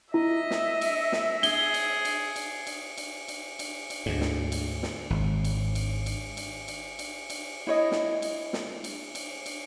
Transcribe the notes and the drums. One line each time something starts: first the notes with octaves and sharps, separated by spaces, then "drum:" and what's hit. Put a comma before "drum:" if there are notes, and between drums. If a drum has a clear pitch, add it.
E4 D#5 E5
drum: snare
drum: cymbal
drum: snare
G#4 G7, drum: cymbal
drum: cymbal
drum: cymbal
drum: cymbal
drum: cymbal
drum: cymbal
drum: cymbal
drum: cymbal
drum: cymbal
D2 G#2
drum: snare
drum: cymbal
drum: snare
G#1
drum: cymbal
drum: cymbal
drum: cymbal
drum: cymbal
drum: cymbal
drum: cymbal
drum: cymbal
E4 C#5 D#5
drum: snare
drum: cymbal
drum: snare
drum: cymbal
drum: cymbal
drum: cymbal